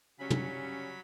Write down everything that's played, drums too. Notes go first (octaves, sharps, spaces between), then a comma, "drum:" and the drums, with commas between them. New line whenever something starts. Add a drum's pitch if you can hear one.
C#3 F#3 G3 C#4 B5
drum: tom